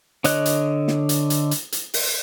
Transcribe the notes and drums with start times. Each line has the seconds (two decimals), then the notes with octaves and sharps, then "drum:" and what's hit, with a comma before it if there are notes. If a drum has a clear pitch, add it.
0.24 D3 C#5 D#5 F#6, drum: hi-hat
0.45 drum: hi-hat
0.88 drum: snare
1.09 drum: hi-hat
1.30 drum: hi-hat
1.51 drum: hi-hat
1.72 drum: hi-hat
1.94 drum: open hi-hat